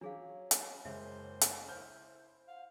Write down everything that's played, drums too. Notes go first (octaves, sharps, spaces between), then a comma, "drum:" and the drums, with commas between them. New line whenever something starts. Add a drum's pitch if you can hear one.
F#3 C#4 D4 G#4 C#5 F5
drum: hi-hat
F#1 G#3 A#4 C5 E5
drum: hi-hat
E4 C5 F6 G6
F5 F#5